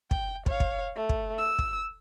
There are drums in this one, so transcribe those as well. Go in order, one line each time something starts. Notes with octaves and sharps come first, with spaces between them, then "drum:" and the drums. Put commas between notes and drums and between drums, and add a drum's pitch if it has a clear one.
G5, drum: kick
C#5 F5, drum: kick
drum: kick
A3
drum: kick
E6
drum: kick